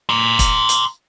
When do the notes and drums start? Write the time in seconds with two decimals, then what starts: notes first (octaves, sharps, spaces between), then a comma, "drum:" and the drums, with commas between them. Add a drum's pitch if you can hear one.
0.09 A#5 C6
0.39 drum: kick, hi-hat
0.69 drum: hi-hat